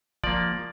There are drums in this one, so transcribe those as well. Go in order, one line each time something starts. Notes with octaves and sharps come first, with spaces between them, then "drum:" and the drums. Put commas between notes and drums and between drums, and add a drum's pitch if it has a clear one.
F3 A#3 D5, drum: kick